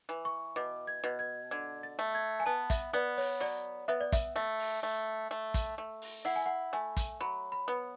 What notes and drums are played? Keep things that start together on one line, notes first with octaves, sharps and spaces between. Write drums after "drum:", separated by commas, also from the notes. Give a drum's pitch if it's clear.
E3
C#6
B2 D6
G#6
B2
G#6
D3 G#6
A6
A3
G#6
G#5
B3 A5
E5, drum: kick, hi-hat
B3 D5
C#5, drum: open hi-hat
F#3 D5
B3 E5
D5
E5, drum: kick, hi-hat
A3 E5
drum: open hi-hat
A3
A3
drum: kick, hi-hat
A3
drum: open hi-hat
E4 F#5
G#5
F#5
A3 G#5
drum: kick, hi-hat
F#3 B5
B5
B3